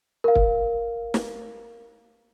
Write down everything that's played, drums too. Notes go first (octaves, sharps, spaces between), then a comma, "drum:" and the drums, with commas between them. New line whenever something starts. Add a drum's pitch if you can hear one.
A#4 F5
drum: kick
drum: snare